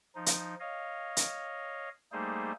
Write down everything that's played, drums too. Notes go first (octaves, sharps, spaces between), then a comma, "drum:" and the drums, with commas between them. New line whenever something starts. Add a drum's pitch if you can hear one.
F3 D#4
drum: hi-hat
C#5 D#5 F5
drum: hi-hat
G3 A3 A#3 D#4 G#4 C5